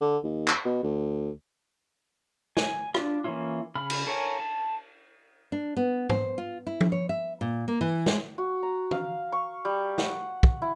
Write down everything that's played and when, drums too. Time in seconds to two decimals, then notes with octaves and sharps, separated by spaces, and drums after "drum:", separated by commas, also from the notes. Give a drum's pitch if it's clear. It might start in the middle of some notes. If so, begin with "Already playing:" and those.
0.01 D3
0.24 D#2
0.48 drum: clap
0.65 B2
0.83 D2
2.57 G#5, drum: snare
2.94 D4 F4, drum: rim click
3.24 E3 A#3 C#4 E4 F4
3.75 C#3 B5 F6
3.90 drum: cymbal
4.07 A4 A#4 C#5 F5 G#5
4.40 A5
5.52 D4
5.77 B3
6.09 C5, drum: tom G#2
6.38 F4
6.67 E4
6.81 drum: tom F3
6.92 C#5
7.09 E5
7.41 A#2
7.68 A#3
7.81 E3
8.06 G#3, drum: snare
8.38 F#4
8.63 A#5
8.91 F5, drum: tom
9.32 C#6
9.65 G3
9.98 F#5, drum: snare
10.43 drum: kick
10.62 E4